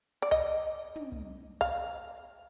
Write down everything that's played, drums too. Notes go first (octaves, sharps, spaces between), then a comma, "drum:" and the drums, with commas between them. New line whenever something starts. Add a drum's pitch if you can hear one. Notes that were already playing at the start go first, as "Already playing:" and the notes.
D5
D#5, drum: kick
drum: tom
drum: kick
F5, drum: kick